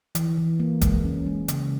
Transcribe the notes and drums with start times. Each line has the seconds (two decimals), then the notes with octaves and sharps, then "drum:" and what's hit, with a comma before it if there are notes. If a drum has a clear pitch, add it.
0.15 E3, drum: hi-hat
0.38 E3
0.60 A#3
0.81 G#3, drum: kick, hi-hat
1.05 C#4
1.26 G#3
1.48 C#3, drum: hi-hat